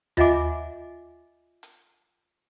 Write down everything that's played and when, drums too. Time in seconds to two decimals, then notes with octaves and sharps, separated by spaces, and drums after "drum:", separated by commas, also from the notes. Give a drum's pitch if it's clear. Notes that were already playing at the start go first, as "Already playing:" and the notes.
0.17 F4 D#5 E5 F#5 G#5 D6, drum: tom D#2
1.63 drum: hi-hat